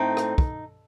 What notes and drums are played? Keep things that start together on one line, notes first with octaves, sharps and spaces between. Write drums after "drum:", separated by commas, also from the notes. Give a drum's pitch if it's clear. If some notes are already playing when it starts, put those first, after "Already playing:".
Already playing: A2 A3 C4 D#4
drum: rim click
drum: kick